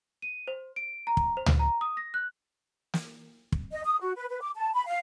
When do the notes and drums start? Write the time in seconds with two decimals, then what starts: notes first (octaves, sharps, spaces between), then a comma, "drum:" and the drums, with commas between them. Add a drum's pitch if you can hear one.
0.22 D#7
0.48 C5
0.76 D7
1.07 A#5
1.17 drum: kick
1.37 C5
1.46 drum: tom C#2
1.59 A#5
1.81 D#6
1.97 A#6
2.14 F#6
2.94 drum: snare
3.52 drum: kick
3.72 D#5
3.84 D#6
4.00 F#4
4.16 B4
4.28 B4
4.41 D6
4.55 A5
4.73 B5
4.86 F5